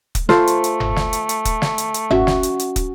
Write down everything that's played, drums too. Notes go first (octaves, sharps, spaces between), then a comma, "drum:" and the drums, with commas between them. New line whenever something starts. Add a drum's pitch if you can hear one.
drum: kick, hi-hat
A3 F4 A4 C5, drum: snare
drum: hi-hat
drum: hi-hat
drum: tom F#1
drum: snare
drum: hi-hat
drum: hi-hat
drum: kick, hi-hat
drum: snare
drum: hi-hat
drum: hi-hat
C#4 F#4 E5, drum: tom F#1
drum: snare
drum: hi-hat
drum: hi-hat
drum: kick, hi-hat